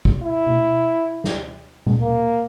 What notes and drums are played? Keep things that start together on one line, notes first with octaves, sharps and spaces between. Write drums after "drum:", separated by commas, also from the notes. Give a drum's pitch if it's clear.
drum: kick
E4
drum: tom B2
drum: snare
drum: tom A#2
A#3